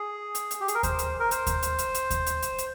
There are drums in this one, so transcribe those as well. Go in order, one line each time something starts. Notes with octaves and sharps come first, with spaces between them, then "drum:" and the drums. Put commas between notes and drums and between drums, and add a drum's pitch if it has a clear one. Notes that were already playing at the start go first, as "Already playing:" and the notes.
Already playing: G#4
drum: hi-hat
drum: hi-hat
G4
G#4, drum: hi-hat
A#4
C5, drum: kick D#2, hi-hat
drum: hi-hat
A#4
C5, drum: hi-hat
drum: kick D#2, hi-hat
drum: hi-hat
drum: hi-hat
drum: hi-hat
drum: kick D#2, hi-hat
drum: hi-hat
drum: hi-hat
drum: hi-hat